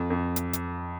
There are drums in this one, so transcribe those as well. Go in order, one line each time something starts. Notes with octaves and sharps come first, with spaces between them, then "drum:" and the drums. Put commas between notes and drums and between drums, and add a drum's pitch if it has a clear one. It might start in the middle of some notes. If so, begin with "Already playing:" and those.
Already playing: F2
F2
drum: hi-hat
drum: hi-hat